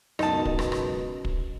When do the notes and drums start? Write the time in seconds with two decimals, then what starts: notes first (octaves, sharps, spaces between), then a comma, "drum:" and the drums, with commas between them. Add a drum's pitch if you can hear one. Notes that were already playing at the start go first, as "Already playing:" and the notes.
0.19 C#2 F#2 B2 D#4 A5, drum: rim click
0.45 drum: kick
0.59 drum: rim click
0.72 drum: rim click
1.25 drum: kick